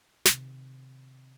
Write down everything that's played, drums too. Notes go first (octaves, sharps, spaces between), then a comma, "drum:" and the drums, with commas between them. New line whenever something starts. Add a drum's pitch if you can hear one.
C3 D#3, drum: snare